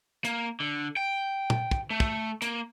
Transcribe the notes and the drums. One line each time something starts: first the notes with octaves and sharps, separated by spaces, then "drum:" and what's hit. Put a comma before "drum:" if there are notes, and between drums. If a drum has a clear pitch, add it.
A#3, drum: hi-hat
D3
G5
drum: tom
drum: kick
A3
drum: kick
A#3, drum: hi-hat